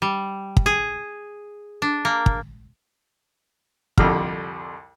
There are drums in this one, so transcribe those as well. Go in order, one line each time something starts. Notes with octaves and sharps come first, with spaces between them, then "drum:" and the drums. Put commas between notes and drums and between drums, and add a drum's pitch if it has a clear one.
G3
drum: kick
G#4
D4
A#3
drum: kick
C2 F2 D3 G3 F6, drum: kick